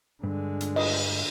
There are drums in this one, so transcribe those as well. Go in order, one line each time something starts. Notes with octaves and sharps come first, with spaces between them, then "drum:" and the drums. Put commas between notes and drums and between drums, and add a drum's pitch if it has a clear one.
G2 D3 G#3
drum: hi-hat
D#5, drum: cymbal